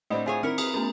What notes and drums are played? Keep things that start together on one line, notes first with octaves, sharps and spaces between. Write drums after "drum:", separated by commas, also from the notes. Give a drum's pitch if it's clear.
A2 C4 D4 D5 D#5 F#5 B5
F4 G#4 C5 C#5 E5 G#5
D#3 C4 E4 A#4 F6 B6 C#7
G#4 B4 D#6, drum: cymbal
A3 B3 C#4